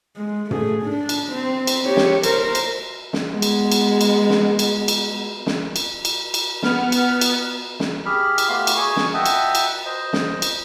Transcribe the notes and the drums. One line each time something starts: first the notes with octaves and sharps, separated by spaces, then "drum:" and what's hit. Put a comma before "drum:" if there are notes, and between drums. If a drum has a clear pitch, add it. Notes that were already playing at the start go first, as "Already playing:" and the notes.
G#3
A3 G#4, drum: tom
D4
drum: cymbal
C4
drum: cymbal
G4 C#5
drum: snare
A#4 C5, drum: cymbal
drum: cymbal
drum: snare
G#3 B3
drum: cymbal
drum: cymbal
drum: cymbal
drum: snare
drum: cymbal
drum: cymbal
drum: snare
drum: cymbal
drum: cymbal
drum: cymbal
B3 F6, drum: snare
drum: cymbal
drum: cymbal
drum: snare
G4 G#4 B5 F6
drum: cymbal
A3 B3 G4 F5 C6
drum: cymbal
G#4 G#5 C#6
drum: snare
D#5 E5 F#5 G5 A5 D#6
drum: cymbal
drum: cymbal
C5 D#5
drum: snare
drum: cymbal